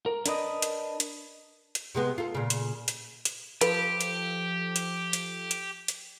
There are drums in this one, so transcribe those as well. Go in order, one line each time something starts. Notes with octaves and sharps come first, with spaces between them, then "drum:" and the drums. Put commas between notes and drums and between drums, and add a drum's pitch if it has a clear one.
A#4
D4 A#4 B4 D#5, drum: hi-hat
drum: hi-hat
drum: hi-hat
drum: hi-hat
C3 G#3 B3
F4 A4
A#2 C#3
drum: hi-hat
drum: hi-hat
drum: hi-hat
F3 G4 A4 B4, drum: hi-hat
drum: hi-hat
drum: hi-hat
drum: hi-hat
drum: hi-hat
drum: hi-hat